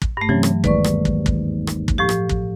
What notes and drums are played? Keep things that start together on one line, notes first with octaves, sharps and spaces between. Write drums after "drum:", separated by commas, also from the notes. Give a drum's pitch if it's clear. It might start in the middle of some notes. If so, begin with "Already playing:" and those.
drum: kick
G2 A3
C3 E3 F#3 C#4
drum: rim click
G#1 D#2 G#2 B4 D5 C#6, drum: kick
drum: rim click
drum: kick
drum: kick
drum: rim click
drum: kick
A2 F3 G4
drum: rim click
drum: kick